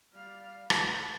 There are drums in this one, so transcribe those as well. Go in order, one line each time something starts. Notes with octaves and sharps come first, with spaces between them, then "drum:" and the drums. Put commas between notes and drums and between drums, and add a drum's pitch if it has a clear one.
G3 D5 F5 F6
A3 F#4 B4 C5, drum: rim click